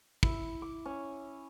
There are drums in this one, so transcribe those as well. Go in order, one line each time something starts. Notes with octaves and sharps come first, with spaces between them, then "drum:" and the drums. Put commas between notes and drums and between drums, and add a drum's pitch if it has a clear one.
E4, drum: kick
D6
C#4